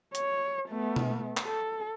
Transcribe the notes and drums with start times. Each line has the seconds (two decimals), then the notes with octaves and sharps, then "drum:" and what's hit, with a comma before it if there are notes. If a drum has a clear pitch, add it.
0.15 C#5, drum: hi-hat
0.69 A3 B3
0.96 drum: tom B2
1.37 drum: clap
1.46 A4